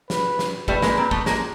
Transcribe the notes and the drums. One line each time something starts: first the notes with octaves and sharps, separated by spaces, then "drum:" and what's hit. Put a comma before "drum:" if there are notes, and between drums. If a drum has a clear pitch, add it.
B4, drum: snare
drum: snare
G3 A3 B4, drum: kick
G#3 A#3, drum: snare
A#3 C4
A3 B3, drum: kick
G#3 A#3, drum: snare